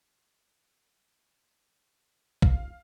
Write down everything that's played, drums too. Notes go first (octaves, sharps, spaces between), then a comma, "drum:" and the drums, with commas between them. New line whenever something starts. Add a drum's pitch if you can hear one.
D#1 F5, drum: kick B1